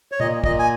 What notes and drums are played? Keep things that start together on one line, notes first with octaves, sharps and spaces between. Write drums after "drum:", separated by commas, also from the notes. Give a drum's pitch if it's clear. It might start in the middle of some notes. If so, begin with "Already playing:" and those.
C#5
A#2 D#5, drum: tom
A#2 D#5, drum: kick
G#5